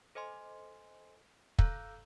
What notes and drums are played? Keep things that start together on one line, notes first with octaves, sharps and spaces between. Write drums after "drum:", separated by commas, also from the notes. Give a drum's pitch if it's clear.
A4 C5 D#5 G#5 C6
A4 F5 A#5 E6 F#6 G6, drum: kick